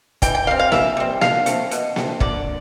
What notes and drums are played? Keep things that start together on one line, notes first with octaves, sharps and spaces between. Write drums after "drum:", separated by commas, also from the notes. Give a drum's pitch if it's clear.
E3 G5, drum: kick, hi-hat
G5
G3 C4 F5
F5
E3 E5, drum: snare A#3
G3 C4
D3 F5, drum: snare A#3
A3 C4, drum: hi-hat
B2, drum: hi-hat
A3 C4, drum: snare A#3
D3 D5, drum: kick